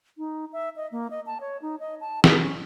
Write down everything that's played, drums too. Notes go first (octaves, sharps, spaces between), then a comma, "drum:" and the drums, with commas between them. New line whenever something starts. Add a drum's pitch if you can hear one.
D#4
E5
D#5
A#3
D#5
A5
C#5
D#4
D#5
A5
G#4, drum: snare
C#4